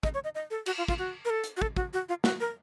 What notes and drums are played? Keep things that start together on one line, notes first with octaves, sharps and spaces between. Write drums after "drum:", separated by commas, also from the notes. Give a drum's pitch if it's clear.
D#5, drum: kick
C#5
D#5
D#5
A4
F#4, drum: cymbal
F4
F4, drum: kick
F#4
A#4
A4
drum: hi-hat
F#4
A4, drum: kick
F#4, drum: kick
F#4
F4
F#4, drum: snare
A#4